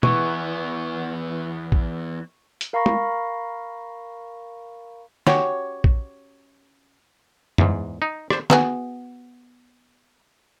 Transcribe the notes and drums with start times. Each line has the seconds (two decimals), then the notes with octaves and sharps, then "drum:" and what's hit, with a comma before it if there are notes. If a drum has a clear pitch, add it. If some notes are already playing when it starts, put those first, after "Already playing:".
0.03 E2 E3 B3 C#6, drum: tom
1.72 drum: kick A#1
2.61 drum: hi-hat
2.73 A#4 F5 A#5 B5 C#6 A#6
2.86 drum: tom
5.27 C#4 F#4 G4 C#5, drum: snare
5.84 drum: kick A#1
7.58 E2 G#2, drum: tom F#2
8.02 D#4
8.30 C5 D5, drum: rim click
8.50 B3 F#4 G#4, drum: snare